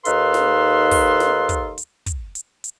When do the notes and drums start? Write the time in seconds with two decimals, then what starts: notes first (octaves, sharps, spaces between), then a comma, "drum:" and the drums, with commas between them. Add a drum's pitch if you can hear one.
0.05 D#2 D#4 A4 B4 F5 C6, drum: hi-hat
0.34 drum: snare
0.91 drum: kick, open hi-hat
1.20 drum: snare
1.49 drum: kick, hi-hat
1.78 drum: hi-hat
2.06 drum: kick, hi-hat
2.35 drum: hi-hat
2.64 drum: hi-hat